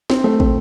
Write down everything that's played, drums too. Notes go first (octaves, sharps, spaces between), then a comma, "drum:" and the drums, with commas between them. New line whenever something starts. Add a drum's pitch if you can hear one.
C4, drum: snare
A3
C4, drum: kick